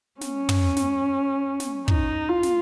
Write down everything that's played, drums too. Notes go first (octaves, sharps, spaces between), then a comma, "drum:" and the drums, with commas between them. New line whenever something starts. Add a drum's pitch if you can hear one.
C#4, drum: snare
drum: tom
drum: snare
drum: snare
D#4, drum: kick
F4
drum: snare